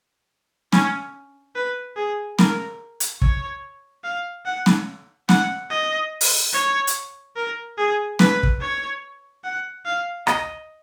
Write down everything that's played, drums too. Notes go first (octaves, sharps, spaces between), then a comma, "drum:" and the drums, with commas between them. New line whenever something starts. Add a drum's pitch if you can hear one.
C#4, drum: snare
B4
G#4
A#4, drum: snare
drum: hi-hat
C#5, drum: kick
F5
F#5
drum: snare
F#5, drum: snare
D#5
drum: open hi-hat
C#5
drum: hi-hat
A#4
G#4
B4, drum: snare
drum: kick
C#5
F#5
F5
D#5, drum: rim click